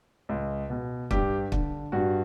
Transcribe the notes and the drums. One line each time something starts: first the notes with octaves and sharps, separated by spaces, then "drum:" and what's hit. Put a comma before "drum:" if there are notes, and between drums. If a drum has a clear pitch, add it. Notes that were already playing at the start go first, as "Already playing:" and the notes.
C#2
B2
G2 G4, drum: kick
D3, drum: kick
G2 F#4